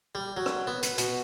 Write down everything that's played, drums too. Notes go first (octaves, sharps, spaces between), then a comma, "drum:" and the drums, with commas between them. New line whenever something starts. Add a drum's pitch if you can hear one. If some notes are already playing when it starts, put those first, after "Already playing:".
G3
F#3
drum: rim click
B3
B4, drum: hi-hat
B2, drum: hi-hat